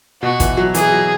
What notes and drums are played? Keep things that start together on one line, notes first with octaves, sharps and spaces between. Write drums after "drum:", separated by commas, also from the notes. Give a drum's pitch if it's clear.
B2 F#4
E3, drum: kick, hi-hat
F#3
E3 G#4, drum: hi-hat
F#3